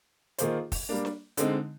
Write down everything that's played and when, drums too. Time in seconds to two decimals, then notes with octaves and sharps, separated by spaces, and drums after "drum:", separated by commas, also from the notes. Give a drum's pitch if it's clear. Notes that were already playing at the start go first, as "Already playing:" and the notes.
0.38 D#3 A#3 F4 G#4 C5, drum: hi-hat
0.72 drum: kick, open hi-hat
0.89 G3 A#3 D4
1.05 drum: snare
1.37 D3 G#3 C4 D#4, drum: hi-hat